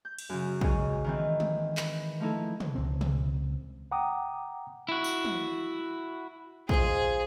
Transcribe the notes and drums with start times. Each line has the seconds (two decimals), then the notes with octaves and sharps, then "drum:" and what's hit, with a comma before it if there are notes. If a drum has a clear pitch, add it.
0.05 G6
0.18 drum: cymbal
0.29 F#2 C#3
0.61 G#2 C#3 C4 C#4 G#4, drum: kick
1.04 D#3 E3 C4
1.40 drum: tom
1.77 B4, drum: clap
2.20 F3 A3 D#4 E4 A4
2.60 drum: tom
2.75 C#2 C4
3.01 drum: tom
3.91 F#5 G5 A#5 D6 D#6
4.89 E4 F#4
5.04 drum: tambourine
5.25 drum: tom
6.69 F4 G#4 C5 D#5, drum: kick